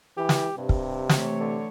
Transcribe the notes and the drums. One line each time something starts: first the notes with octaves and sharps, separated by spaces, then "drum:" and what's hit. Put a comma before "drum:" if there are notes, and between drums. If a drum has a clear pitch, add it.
E3 G4
drum: snare
G2 C3
drum: kick
E3 A3 C#5, drum: snare
D3